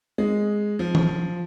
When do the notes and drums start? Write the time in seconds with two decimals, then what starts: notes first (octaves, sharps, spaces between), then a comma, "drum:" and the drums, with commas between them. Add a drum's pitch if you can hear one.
0.18 G#3
0.79 F3
0.95 drum: tom E3